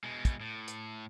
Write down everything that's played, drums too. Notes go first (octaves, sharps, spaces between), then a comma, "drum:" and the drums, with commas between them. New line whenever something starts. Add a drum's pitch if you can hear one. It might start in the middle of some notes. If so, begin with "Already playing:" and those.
B2 G#3
drum: kick, hi-hat
A2
drum: hi-hat